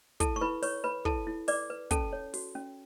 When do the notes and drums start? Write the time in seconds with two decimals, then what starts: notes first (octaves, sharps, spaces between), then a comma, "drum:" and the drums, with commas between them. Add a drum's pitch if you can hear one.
0.20 E4 A4 A5, drum: kick, hi-hat
0.36 C#6
0.41 E4 B4 B5
0.62 B4 C#5 C#6, drum: open hi-hat
0.84 B4 B5
1.05 E4 A4 A5, drum: kick
1.27 E4
1.48 B4 D5 D6, drum: open hi-hat
1.70 B4
1.91 C#4 A4 A5, drum: kick, hi-hat
2.13 C#5
2.34 F#4, drum: open hi-hat
2.55 C#4